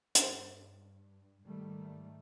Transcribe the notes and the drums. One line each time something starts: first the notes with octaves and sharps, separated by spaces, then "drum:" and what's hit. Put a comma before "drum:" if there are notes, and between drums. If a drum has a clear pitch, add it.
G2, drum: hi-hat
G#2 D#3 G3 A3